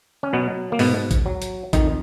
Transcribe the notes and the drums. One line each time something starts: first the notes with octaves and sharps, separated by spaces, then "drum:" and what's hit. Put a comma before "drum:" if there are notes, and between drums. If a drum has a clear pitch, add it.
C#4
B2 F#3 B3
A#3
G#2 B2 B3, drum: open hi-hat
drum: kick, hi-hat
F#3
drum: hi-hat
F2 D#3 D#4, drum: kick, hi-hat